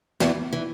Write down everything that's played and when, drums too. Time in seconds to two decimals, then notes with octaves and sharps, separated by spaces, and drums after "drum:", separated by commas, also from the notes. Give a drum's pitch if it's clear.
0.20 E2 E3, drum: snare
0.53 E3